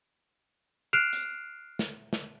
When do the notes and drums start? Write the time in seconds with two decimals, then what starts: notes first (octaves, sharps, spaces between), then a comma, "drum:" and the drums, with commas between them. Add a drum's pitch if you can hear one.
0.93 F6 F#6 C7 D7 E7 F7
1.13 drum: hi-hat
1.79 drum: snare
2.13 drum: snare